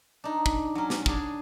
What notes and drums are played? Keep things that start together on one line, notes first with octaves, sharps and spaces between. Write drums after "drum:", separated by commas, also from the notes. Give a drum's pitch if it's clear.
D4 D#4
drum: kick
F#3 C#4
drum: snare
D4 G#4 G#5, drum: kick